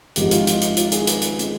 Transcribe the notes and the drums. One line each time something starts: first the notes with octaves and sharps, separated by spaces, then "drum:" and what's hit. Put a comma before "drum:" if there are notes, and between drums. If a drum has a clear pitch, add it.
G#1 G#2 F3 G#3 G4, drum: hi-hat
F4, drum: hi-hat
D#4, drum: hi-hat
drum: hi-hat
F4, drum: hi-hat
G#4, drum: hi-hat
B4, drum: hi-hat
drum: hi-hat
D#3 G#3, drum: hi-hat